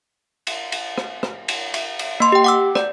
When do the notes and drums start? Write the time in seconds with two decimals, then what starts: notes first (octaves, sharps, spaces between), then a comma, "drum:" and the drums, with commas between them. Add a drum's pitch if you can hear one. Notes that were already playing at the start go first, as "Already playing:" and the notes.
0.47 drum: cymbal
0.72 drum: cymbal
0.98 drum: rim click
1.23 drum: rim click
1.48 drum: cymbal
1.74 drum: cymbal
1.99 drum: cymbal
2.20 A#3 C6
2.32 G4 G5
2.44 F#5 D6 E6
2.75 D5, drum: rim click